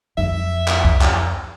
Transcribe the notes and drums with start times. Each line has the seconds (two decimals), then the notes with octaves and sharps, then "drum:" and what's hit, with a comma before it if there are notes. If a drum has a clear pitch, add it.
0.18 F2 E5
0.68 drum: clap
0.85 drum: kick C#2
1.01 drum: clap